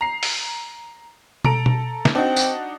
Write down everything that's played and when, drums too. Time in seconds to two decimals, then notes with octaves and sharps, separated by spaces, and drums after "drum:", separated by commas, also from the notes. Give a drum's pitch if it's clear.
0.01 A#5 C7
0.23 drum: open hi-hat
1.45 A4 A#5 D7, drum: tom
1.66 drum: tom B2
2.05 drum: snare
2.15 C4 D4 D#4 F#4
2.36 drum: tambourine